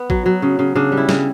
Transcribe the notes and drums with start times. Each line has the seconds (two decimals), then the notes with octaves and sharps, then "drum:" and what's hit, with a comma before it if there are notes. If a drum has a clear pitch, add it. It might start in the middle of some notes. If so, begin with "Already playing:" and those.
Already playing: B3
0.10 F#3, drum: kick A1
0.26 F#3
0.42 C#3
0.59 C#3
0.76 C#3 D4
0.92 G3
0.97 E4
1.09 C#3, drum: snare